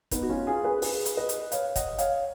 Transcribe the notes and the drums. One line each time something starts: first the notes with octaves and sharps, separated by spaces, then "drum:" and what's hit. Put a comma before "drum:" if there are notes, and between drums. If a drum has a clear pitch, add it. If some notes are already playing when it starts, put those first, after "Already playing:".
B3 D#4, drum: kick, hi-hat
F#4
C#4 F4
F4 G#4
G#4 B4
G#4 B4, drum: open hi-hat
drum: hi-hat
B4 D#5
drum: hi-hat
C#5 F5, drum: hi-hat
D#5 F#5, drum: kick, hi-hat
C#5 F5, drum: hi-hat